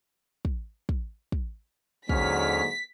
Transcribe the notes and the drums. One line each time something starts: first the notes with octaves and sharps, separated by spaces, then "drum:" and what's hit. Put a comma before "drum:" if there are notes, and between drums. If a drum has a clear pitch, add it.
drum: kick
drum: kick
drum: kick
D#2 G#2 D3 F#3 C#4 F6 B6, drum: kick